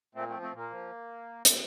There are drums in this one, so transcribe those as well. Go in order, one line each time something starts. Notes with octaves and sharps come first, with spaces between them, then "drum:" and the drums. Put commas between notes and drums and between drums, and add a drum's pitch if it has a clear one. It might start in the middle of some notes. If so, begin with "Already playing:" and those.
A#2 A3 C4
F3 A3 C4
A3 C4
A#2
A#3
F3
drum: hi-hat